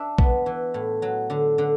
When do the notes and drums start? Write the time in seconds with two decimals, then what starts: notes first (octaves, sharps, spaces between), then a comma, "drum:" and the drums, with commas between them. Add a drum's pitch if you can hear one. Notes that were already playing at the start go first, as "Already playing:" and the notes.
Already playing: D4 E5
0.18 B3, drum: kick B1
0.46 E3
0.74 A2
1.02 F#3
1.30 D3
1.58 D3